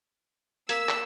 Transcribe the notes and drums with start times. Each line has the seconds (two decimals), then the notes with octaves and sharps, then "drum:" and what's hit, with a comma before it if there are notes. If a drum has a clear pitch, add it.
0.69 A#3 E6 G#6 B6, drum: hi-hat
0.89 drum: clap